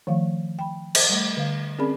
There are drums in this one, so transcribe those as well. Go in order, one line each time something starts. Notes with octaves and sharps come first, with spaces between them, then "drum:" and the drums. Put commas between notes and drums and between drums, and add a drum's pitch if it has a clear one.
D#3 F3 A3 F5
G5 B5
C5, drum: cymbal
G3 A3
D3 F5
C4 C#4 G#4 A#4 D5 B5